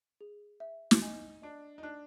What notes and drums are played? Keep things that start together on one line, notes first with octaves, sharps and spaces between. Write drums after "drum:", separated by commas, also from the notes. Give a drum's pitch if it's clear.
G#4
E5
drum: snare
D#4 G#5
D4 D#5
D#4
D4 F#6